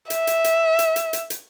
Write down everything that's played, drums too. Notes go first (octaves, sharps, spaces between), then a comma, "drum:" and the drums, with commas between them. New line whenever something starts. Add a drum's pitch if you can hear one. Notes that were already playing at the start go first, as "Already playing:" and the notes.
E5, drum: hi-hat
drum: hi-hat
drum: hi-hat
drum: hi-hat
drum: hi-hat
drum: hi-hat
drum: hi-hat